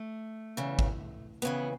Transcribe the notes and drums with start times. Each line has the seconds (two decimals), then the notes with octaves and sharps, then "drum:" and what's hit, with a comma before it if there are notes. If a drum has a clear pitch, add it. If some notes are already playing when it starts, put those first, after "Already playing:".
Already playing: A3
0.57 E2 C#3 E3
0.79 drum: kick G#1
1.42 F2 C#3 E3 B3